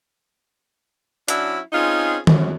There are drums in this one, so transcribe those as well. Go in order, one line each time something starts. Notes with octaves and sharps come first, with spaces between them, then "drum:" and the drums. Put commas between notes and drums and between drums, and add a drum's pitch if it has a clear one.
F#3 C#4 D4 E4, drum: hi-hat
C4 C#4 D#4 F4 G#4
F#2, drum: tom